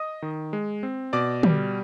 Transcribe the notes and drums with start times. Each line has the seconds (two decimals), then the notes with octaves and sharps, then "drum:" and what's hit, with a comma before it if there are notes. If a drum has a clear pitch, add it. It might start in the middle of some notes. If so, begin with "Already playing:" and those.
Already playing: D#5 D#6
0.22 D#3
0.53 G#3
0.83 C4
1.13 B2 D5 D6
1.43 G3, drum: tom